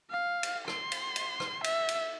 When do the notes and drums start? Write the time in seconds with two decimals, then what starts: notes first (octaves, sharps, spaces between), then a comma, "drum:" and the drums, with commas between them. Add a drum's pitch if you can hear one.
0.10 F5
0.43 drum: cymbal
0.68 C6, drum: rim click
0.92 drum: cymbal
1.16 drum: cymbal
1.40 drum: rim click
1.64 E5, drum: cymbal
1.89 drum: cymbal